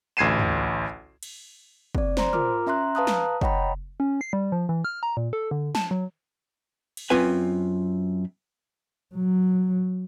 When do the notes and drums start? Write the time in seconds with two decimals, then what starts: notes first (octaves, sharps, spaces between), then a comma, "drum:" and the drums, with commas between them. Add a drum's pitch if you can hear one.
0.17 A1 D2 G#6 C7 D#7 E7
0.39 drum: tom
1.23 drum: cymbal
1.95 C4 D5, drum: kick
2.17 C5 A#5 C6, drum: snare
2.33 F4 A#4 A#5 D6 F6, drum: tom
2.67 C#4 E5 A#5 C6 F#6
2.95 B4 F5 A5 A#5 D#6 F#6
3.07 drum: snare
3.41 C#5 D#5 F#5 G5 A#5 B5, drum: kick
4.00 C#4
4.21 C7
4.33 G3
4.52 F3
4.69 E3
4.85 F6
5.03 A#5
5.17 A#2
5.33 A4
5.51 D3
5.75 A5, drum: snare
5.91 F#3
6.97 drum: cymbal
7.10 F#2 C4 F4 B4 G#5
9.15 F#3